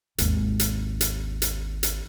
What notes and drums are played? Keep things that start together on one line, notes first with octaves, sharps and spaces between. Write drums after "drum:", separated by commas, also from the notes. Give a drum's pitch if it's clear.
G#1 D#2, drum: hi-hat
drum: hi-hat
drum: hi-hat
drum: hi-hat
drum: hi-hat